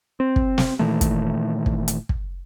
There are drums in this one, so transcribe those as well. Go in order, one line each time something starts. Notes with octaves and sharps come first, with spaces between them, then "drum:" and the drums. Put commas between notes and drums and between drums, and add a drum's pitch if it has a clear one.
C4
drum: kick
drum: snare
A#2 D#3 E3 A3
drum: kick, hi-hat
drum: kick
drum: hi-hat
drum: kick